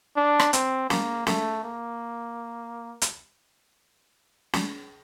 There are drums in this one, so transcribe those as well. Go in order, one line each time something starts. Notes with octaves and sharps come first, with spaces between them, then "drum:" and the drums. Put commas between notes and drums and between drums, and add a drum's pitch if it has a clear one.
D4
drum: rim click
C4, drum: hi-hat
A#3, drum: snare
A3, drum: snare
A#3
drum: hi-hat
drum: snare